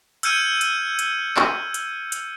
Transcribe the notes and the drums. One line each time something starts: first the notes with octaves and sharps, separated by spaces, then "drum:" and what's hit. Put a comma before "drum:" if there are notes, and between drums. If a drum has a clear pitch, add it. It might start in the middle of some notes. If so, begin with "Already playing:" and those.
E6 F6 G6 G#6 C#7 D#7, drum: hi-hat
drum: hi-hat
drum: hi-hat
drum: clap
drum: hi-hat
drum: hi-hat